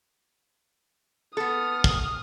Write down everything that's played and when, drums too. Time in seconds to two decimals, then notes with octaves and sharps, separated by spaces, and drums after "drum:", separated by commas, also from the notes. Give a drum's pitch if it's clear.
1.37 B3 A4 D#6 F6
1.84 drum: kick